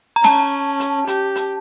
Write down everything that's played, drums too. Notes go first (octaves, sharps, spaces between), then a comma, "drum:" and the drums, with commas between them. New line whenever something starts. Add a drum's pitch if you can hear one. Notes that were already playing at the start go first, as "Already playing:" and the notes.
A#5
C#4 A5, drum: snare
drum: hi-hat
G4, drum: hi-hat
drum: hi-hat